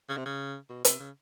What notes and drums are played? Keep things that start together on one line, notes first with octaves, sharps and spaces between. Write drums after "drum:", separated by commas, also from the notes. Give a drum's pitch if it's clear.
C#3
C3
C#3
B2
C3, drum: hi-hat
C#3